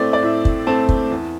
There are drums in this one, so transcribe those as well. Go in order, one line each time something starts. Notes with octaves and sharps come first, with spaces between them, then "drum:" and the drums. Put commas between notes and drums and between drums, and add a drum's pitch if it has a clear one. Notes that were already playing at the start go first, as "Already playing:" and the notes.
Already playing: A2 A3 C4 D5 G5
D5
A2 E5
drum: kick
A3 C4 A5
drum: kick
E2